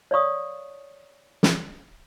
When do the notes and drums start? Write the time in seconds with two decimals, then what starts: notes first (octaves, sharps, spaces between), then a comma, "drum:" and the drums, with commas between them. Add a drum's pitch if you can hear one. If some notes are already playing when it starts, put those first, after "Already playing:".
0.11 C#5 D5 F5 C#6 D#6
1.43 drum: snare